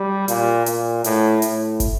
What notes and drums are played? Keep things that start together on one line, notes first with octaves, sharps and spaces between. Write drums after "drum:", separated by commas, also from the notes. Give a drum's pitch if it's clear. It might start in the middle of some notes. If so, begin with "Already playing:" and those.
Already playing: G3
A#2, drum: hi-hat
A#2, drum: hi-hat
A2, drum: hi-hat
A2, drum: hi-hat
drum: kick, hi-hat